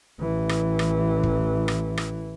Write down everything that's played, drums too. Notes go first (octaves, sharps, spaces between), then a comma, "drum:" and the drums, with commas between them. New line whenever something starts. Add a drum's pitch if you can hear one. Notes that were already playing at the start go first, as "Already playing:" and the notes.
A1 E3
drum: rim click
drum: rim click
drum: kick
drum: rim click
drum: rim click